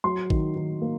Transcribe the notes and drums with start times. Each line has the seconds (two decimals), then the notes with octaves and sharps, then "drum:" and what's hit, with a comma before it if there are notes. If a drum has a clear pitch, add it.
0.04 F#3 C6
0.30 D#3, drum: kick A1
0.56 D#3
0.82 A#3